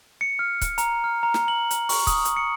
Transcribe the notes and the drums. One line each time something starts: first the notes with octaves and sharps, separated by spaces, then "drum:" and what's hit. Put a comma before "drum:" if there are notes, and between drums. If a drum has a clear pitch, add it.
C#7
F6
drum: kick C#1, hi-hat
A#5, drum: hi-hat
F6
A#5
drum: snare
F#7
drum: hi-hat
C#6, drum: open hi-hat
D#6, drum: kick C#1, hi-hat
drum: hi-hat
C#7